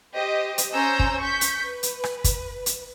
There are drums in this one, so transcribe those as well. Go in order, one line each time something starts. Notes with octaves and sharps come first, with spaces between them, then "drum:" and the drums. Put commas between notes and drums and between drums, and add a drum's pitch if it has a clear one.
G4 C5 D#5
drum: hi-hat
C#4 C5 G#5 A#5 E6 G6
drum: kick
C#6 G6 B6
drum: hi-hat
B4
drum: hi-hat
drum: rim click
drum: kick, hi-hat
drum: hi-hat